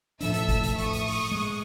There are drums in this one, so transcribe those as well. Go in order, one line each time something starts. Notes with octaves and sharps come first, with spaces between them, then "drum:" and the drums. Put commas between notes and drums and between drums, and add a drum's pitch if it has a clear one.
A2 F3 D4 A4 E5 E6, drum: hi-hat
drum: hi-hat
drum: kick G#1, hi-hat
drum: hi-hat
C#6 D#6, drum: hi-hat
drum: hi-hat
drum: open hi-hat
G#3